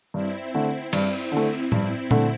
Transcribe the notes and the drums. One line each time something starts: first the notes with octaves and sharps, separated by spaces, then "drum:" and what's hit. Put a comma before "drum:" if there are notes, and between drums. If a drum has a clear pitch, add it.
G2 C4 E4
D3 A3
G2, drum: cymbal
D3 A3
G2 C4 E4, drum: tom A2
D3 A3, drum: tom A#2